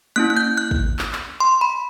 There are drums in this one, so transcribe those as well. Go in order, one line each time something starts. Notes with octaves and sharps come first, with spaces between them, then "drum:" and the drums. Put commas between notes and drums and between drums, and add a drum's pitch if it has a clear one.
A#3 C#4 E4 F#6
F#6
G6
F#6
drum: kick
drum: clap
drum: clap
C6
B5